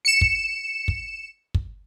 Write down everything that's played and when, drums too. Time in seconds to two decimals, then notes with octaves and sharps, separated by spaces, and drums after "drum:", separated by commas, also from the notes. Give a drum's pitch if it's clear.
0.05 C#7 E7
0.21 drum: kick
0.88 drum: kick
1.55 drum: kick